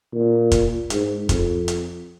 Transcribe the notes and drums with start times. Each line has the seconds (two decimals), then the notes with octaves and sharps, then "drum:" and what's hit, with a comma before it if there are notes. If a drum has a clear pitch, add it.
0.13 A#2
0.52 drum: kick, hi-hat
0.90 G#2, drum: hi-hat
1.29 F2, drum: kick, hi-hat
1.68 drum: hi-hat